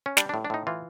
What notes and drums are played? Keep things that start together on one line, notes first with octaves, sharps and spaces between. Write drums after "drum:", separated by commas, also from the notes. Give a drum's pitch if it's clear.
C#4
G3 D4, drum: snare
D4
A2
D4
A2 D#4
E3 F4